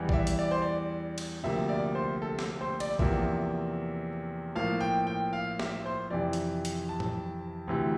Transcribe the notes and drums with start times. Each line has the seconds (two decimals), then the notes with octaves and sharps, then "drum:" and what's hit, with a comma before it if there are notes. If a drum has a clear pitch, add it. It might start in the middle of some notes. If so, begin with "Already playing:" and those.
Already playing: E2 E3 G3
0.09 D5, drum: kick
0.14 E5
0.27 drum: hi-hat
0.39 D5
0.51 C5
0.62 D5
1.18 drum: cymbal
1.43 D2 C3 F3 A#3 E5
1.69 D5
1.95 C5
2.22 A4
2.39 drum: snare
2.61 C5
2.80 D5, drum: cymbal
2.99 E2 C3 F3 A#3 E5, drum: kick
4.55 A2 F3 A#3 F5
4.81 G5
5.07 G5
5.33 F5
5.60 E5, drum: snare
5.86 C5
6.11 F2 C3 E3 D5
6.33 drum: hi-hat
6.65 drum: hi-hat
6.89 A5
7.00 drum: tom A2
7.68 D2 C3 E3